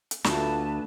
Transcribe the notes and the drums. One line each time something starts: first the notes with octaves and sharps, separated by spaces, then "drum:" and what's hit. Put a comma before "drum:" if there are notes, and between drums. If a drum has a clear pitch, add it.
drum: hi-hat
D2 A3 F4 F#4 B4 A5, drum: snare